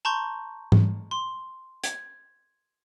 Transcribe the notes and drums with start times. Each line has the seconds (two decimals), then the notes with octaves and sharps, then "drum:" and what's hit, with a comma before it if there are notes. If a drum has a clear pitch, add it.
0.05 A5 A#5 C6 C#6 G6
0.72 drum: tom G#2
1.11 C6
1.84 G#6, drum: hi-hat